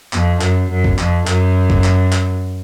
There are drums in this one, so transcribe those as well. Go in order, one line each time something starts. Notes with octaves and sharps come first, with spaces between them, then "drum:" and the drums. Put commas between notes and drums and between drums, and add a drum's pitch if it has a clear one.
F2, drum: clap
F#2, drum: clap
F#2
drum: kick F#1
F2, drum: clap
F#2, drum: clap
drum: kick F#1
drum: clap
drum: clap